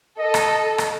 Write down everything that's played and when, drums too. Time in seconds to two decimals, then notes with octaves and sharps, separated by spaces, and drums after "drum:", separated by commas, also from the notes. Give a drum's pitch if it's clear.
0.19 A4 D#5
0.34 drum: rim click
0.78 drum: rim click